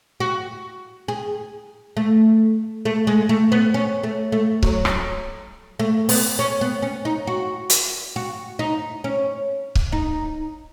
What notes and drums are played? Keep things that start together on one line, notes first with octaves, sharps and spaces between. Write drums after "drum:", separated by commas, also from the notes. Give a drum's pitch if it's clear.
F#4
G#4
A3
A3
G#3
A3
B3
C#4
A3
A3
F#3, drum: kick C#1
drum: rim click
A3
B3, drum: open hi-hat
C#4
B3
C#4
D#4
F#4
drum: hi-hat
F#4
D#4
C#4
drum: kick C#1
D#4